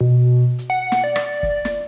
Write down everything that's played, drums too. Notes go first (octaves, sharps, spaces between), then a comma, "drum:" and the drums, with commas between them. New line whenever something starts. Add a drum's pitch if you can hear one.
B2
drum: hi-hat
F#5
drum: snare
D5
drum: rim click
drum: kick
drum: snare